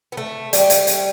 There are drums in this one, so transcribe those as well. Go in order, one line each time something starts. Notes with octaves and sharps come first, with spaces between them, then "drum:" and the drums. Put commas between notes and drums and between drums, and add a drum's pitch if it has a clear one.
B3
A3
G3, drum: hi-hat
drum: hi-hat
drum: hi-hat